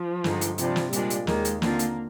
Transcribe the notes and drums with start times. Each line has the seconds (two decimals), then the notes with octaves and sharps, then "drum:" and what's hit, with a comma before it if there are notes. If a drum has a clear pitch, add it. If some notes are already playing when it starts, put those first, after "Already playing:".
Already playing: F3
0.24 G2 D3 G#3 D#4, drum: snare
0.41 drum: hi-hat
0.58 C3 F3 G3 D4, drum: hi-hat
0.76 drum: snare
0.93 A#2 F3 G3 G#3 D4, drum: hi-hat
1.10 drum: hi-hat
1.27 D#2 D#3 G#3 A#3, drum: snare
1.45 drum: hi-hat
1.62 D3 F3 A#3 C4 F4, drum: snare
1.79 drum: hi-hat